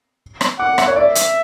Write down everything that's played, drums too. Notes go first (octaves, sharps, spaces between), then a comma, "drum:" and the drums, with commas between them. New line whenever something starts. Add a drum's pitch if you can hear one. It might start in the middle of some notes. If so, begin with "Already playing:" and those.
drum: rim click
F#5 D6
E5, drum: rim click
C#5
D5 E5
drum: hi-hat